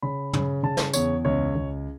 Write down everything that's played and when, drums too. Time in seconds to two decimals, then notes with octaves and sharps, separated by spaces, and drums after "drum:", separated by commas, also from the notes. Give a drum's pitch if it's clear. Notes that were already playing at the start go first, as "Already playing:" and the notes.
0.02 C#3 B5
0.33 C#3, drum: tom
0.63 C#3 A5
0.77 drum: snare
0.93 E2 C#5, drum: tambourine
1.25 C#2 C#5
1.56 C#2